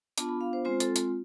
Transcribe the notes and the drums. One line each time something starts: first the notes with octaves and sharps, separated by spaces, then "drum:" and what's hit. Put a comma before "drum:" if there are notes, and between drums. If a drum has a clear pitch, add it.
B3 D4 F4 A5, drum: hi-hat
B5
F5
C5
G#3 C4 F4 C5
A4, drum: hi-hat
drum: hi-hat